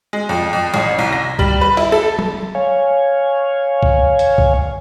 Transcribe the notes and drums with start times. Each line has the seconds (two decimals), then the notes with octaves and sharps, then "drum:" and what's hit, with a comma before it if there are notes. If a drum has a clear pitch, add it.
0.13 G#3
0.29 F2
0.53 F2
0.74 A1
0.99 C2
1.12 A#6
1.39 G3, drum: kick
1.61 B4
1.77 E4, drum: cymbal
1.92 A4
2.19 drum: tom
2.55 C#5 F5 G#5
3.83 drum: kick
4.19 drum: hi-hat
4.38 drum: kick